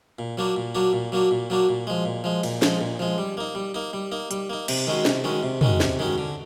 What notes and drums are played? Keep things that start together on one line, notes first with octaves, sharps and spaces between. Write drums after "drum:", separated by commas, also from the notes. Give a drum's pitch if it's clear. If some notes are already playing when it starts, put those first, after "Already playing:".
A#2
F#3 A#3 D4 F#4
A#2
F#3 A#3 D4 F#4
A#2
F#3 A#3 D4 F#4
A#2
F#3 A#3 D4 F#4
A#2
F3 G#3
A#2
F3 G#3
A#2, drum: cymbal
F3 G#3, drum: snare
A#2
F3 G#3
G3
A#3 D#4
G3
A#3 D#4
G3
A#3 D#4
G3, drum: hi-hat
A#3 D#4
C3, drum: cymbal
D#3 G#3 C#4 F#4
C3, drum: snare
D#3 G#3 C#4 F#4
C3
D#3 G#3 C#4 F#4, drum: tom
C3, drum: snare
D#3 G#3 C#4 F#4
D3